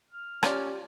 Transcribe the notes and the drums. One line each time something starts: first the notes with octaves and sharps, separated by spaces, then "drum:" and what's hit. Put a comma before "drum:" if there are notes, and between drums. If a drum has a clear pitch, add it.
F6
C#4 F4 G4 D5, drum: rim click